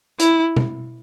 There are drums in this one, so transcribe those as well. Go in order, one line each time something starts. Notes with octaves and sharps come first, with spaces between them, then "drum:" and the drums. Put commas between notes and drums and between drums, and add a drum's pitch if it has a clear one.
E4, drum: hi-hat
drum: tom B2